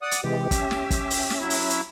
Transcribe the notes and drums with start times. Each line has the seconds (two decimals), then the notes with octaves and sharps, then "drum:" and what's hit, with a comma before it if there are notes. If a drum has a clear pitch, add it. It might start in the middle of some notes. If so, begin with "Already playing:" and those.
0.02 D5 F#5 D#6
0.11 drum: hi-hat
0.24 C3 E3 G#3 G4
0.51 C#4 E5, drum: kick, hi-hat
0.71 drum: snare
0.91 drum: kick, hi-hat
1.10 drum: open hi-hat
1.30 drum: snare
1.40 F#3 E4
1.50 drum: open hi-hat
1.70 drum: hi-hat